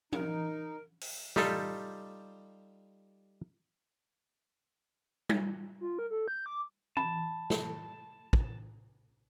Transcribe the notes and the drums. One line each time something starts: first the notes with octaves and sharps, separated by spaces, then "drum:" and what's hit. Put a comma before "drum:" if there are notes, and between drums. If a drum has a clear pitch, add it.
D#4 A#4, drum: tom E3
drum: open hi-hat
G3 D#4 F4 G4 A4, drum: snare
drum: tom G3
F4
A#4
A4
G6
D6
A5 B5, drum: tom E3
drum: snare
drum: kick